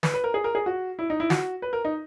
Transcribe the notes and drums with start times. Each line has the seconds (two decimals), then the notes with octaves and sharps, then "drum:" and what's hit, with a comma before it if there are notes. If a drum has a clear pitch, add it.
0.03 B4, drum: snare
0.14 B4
0.24 A#4
0.34 G#4
0.44 A#4
0.55 G#4
0.66 F#4
0.99 E4
1.10 D#4
1.20 E4
1.30 F#4, drum: snare
1.62 B4
1.73 A#4
1.85 D#4